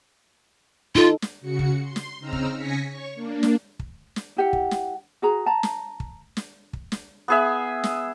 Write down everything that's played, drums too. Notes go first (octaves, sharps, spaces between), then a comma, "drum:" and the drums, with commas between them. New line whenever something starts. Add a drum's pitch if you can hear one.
D#4 F4 A4
drum: snare
C#3 F#4 C#7
drum: kick
C6
drum: snare
C#3 C4 D#4 A#5 E6 F6
drum: kick
C#3 G#5 A#6 B6 C#7
C#5 C#6
A#3 D4
drum: snare
drum: kick
drum: snare
E4 G4 F#5
drum: kick
drum: snare
F#4 G#4 A#5
A5 A#5
drum: snare
drum: kick
drum: snare
drum: kick
drum: snare
B3 G#4 E5
drum: snare